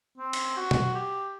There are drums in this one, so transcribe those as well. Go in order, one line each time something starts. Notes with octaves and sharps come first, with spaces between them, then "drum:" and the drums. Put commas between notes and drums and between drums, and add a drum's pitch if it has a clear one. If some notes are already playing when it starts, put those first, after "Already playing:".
C4
drum: cymbal
F#4
drum: tom
G4